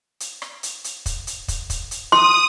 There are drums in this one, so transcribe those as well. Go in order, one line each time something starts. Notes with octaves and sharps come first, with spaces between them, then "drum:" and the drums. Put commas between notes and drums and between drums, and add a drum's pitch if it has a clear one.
drum: hi-hat
drum: rim click
drum: hi-hat
drum: hi-hat
drum: kick, hi-hat
drum: hi-hat
drum: kick, hi-hat
drum: kick, hi-hat
drum: hi-hat
C6 D#6, drum: rim click